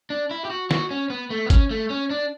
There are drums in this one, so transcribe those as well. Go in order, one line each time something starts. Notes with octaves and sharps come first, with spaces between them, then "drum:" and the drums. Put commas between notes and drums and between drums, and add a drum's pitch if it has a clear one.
D4
E4
G4
F#4
F#4, drum: snare
C#4
B3
A3
B3
C#4, drum: kick, hi-hat
A3
C#4
D4